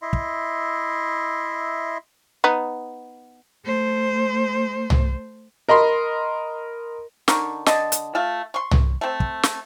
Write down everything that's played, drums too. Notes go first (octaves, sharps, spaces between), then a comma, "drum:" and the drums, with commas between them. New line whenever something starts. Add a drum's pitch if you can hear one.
E4 D#5 E5 C6
drum: kick
B3 D#4
A3 C5
drum: tom C2
A#4 D#5 B5 C6
D3 D#4 A#4 C#6, drum: snare
D3 D#5 A5, drum: snare
drum: hi-hat
A3 F4 E5
C6 C#6
drum: tom C2
A3 C4
drum: kick
drum: snare